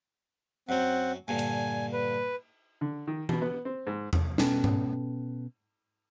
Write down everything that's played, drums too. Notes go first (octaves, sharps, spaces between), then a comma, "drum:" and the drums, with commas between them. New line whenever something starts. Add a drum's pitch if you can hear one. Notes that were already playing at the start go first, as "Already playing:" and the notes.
F#2 F#3 C4 F#5
G2 A#2 D3 G#5
drum: cymbal
B4
D3
D#3
B2, drum: tom E3
B3
C4
G#2
drum: tom E2
B2 C#4 A4 B4 G5 A5, drum: snare
drum: tom G#2